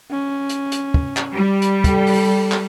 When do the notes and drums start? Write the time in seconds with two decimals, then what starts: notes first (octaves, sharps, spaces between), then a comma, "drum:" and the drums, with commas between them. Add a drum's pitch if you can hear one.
0.11 C#4
0.49 drum: hi-hat
0.72 drum: hi-hat
0.94 drum: kick
1.17 drum: clap
1.34 G3
1.62 drum: hi-hat
1.84 G4 A4, drum: kick, hi-hat
2.07 drum: open hi-hat
2.52 drum: clap